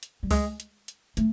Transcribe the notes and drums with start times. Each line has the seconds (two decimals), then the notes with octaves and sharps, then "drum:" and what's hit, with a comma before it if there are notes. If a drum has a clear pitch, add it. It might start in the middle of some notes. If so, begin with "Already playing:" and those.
0.03 drum: hi-hat
0.23 G3
0.31 G#3, drum: kick C#2, open hi-hat
0.60 drum: hi-hat
0.88 drum: hi-hat
1.17 A3, drum: hi-hat